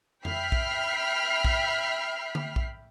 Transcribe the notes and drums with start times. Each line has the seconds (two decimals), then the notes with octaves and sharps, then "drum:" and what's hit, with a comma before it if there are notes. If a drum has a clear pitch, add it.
0.25 E5 G5 B5 F6 B6 C7, drum: tom F2
0.52 drum: kick A#1
1.45 drum: kick A#1
2.35 drum: tom D3
2.56 drum: kick A#1